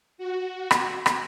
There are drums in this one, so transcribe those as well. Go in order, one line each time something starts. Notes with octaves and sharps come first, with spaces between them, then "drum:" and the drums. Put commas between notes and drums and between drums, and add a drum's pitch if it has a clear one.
F#4
drum: rim click
drum: rim click